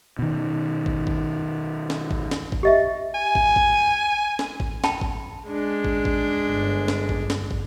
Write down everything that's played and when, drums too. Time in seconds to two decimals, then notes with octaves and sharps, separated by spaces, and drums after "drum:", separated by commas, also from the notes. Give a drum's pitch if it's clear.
0.19 B2 D#3
0.86 drum: kick
1.07 drum: kick
1.90 drum: snare
2.11 drum: kick
2.31 drum: snare
2.52 drum: kick
2.63 G4 D#5 E5
3.15 G#5
3.35 drum: kick
3.56 drum: kick
4.39 drum: snare
4.60 drum: kick
4.84 G5 A5 B5, drum: snare
5.01 drum: kick
5.48 G#3 D4
5.84 drum: kick
6.05 drum: kick
6.48 G1
6.88 drum: snare
7.09 drum: kick
7.30 drum: snare
7.51 drum: kick